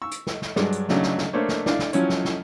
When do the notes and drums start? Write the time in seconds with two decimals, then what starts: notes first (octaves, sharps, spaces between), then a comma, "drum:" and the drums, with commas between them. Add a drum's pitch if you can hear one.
0.02 C#6 E6
0.11 drum: hi-hat
0.27 drum: snare
0.42 drum: snare
0.56 G2 F#3 G#3 D4, drum: snare
0.72 drum: hi-hat
0.89 C#3 F#3 A3 D4 D#4, drum: snare
1.03 drum: snare
1.18 drum: snare
1.33 A3 A#3 D4 C5 C#5
1.49 drum: snare
1.66 D4 E4 F5, drum: snare
1.79 drum: snare
1.93 F3 F#3 C#4 E4 C#5, drum: hi-hat
2.10 drum: snare
2.25 drum: snare